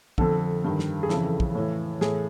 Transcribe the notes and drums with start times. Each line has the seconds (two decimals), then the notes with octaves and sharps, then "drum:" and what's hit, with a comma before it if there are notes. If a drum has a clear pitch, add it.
0.18 F2 D3 A4, drum: kick
0.64 G2 D#3
0.79 drum: snare
1.03 G#4
1.10 F2 C#3 E3 A4, drum: snare
1.40 drum: kick
1.55 A2 E3
2.01 A2 E3 G#4, drum: snare